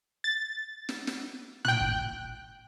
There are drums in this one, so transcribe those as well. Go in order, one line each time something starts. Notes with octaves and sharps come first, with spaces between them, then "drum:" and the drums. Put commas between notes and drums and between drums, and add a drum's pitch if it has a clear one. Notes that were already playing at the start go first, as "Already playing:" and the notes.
A6
drum: snare
drum: snare
G5 F#6, drum: tom
drum: kick